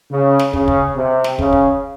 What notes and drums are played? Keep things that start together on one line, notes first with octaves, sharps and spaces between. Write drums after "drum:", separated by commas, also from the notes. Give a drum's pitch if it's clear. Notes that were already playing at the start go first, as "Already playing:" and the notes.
C#3
drum: snare
C#3, drum: kick
drum: kick
C3
drum: snare
C#3, drum: kick
drum: kick